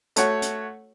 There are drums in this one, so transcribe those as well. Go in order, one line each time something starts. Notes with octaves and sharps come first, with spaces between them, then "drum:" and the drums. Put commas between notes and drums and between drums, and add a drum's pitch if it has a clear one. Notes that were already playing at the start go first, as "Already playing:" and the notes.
A3 F#4 C#5 F#5, drum: hi-hat
drum: hi-hat